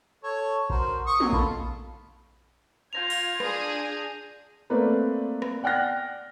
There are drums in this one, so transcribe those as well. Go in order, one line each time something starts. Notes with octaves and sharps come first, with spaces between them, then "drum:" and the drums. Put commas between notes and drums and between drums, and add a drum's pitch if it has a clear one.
A4 C#5
F#4 A#4 C5, drum: kick A#1
C#6 D#6
F#3 A#3 D#5, drum: tom
F4 A4 B4, drum: kick A#1
F4 G6 G#6 A#6 F7
drum: open hi-hat
D4 G#4, drum: rim click
A3 A#3 C4 A#4 B4 D5
drum: rim click
D5 F#5 G5 F6 F#6 A#6